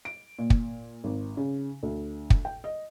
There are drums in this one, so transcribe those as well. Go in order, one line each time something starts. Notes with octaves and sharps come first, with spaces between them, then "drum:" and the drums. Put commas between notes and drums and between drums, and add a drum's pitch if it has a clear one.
D7
A#2
drum: kick
G#1
C#3
D2
drum: kick
G5
D#5